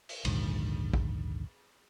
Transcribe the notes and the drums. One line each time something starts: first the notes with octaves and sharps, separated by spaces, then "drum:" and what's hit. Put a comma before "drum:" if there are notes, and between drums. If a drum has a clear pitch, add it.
drum: open hi-hat
A#1 D#2 G#2 D3, drum: cymbal
drum: kick